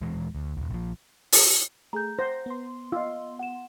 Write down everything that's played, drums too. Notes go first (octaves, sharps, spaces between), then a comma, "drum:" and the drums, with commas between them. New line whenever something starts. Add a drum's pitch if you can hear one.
D#1 E3 G#3
D2
D#1 C2
A#1 F3
drum: open hi-hat
A3 G#4 A#5 G6
C5 F#5 A#6
B3 C6
F4 D#5 E6
F#5 E7